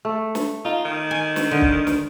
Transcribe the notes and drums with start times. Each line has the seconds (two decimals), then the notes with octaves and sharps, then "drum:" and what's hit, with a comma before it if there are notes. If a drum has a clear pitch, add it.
0.05 A3
0.35 drum: snare
0.65 D#4 F4
0.85 D#3
1.11 G#5
1.36 drum: snare
1.51 D3
1.61 drum: kick
1.87 drum: snare